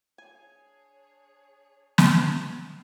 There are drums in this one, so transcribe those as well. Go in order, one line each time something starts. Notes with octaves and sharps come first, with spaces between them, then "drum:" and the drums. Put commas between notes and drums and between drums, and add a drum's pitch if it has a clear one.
D4 G#4 C#5 G#5
C#6, drum: snare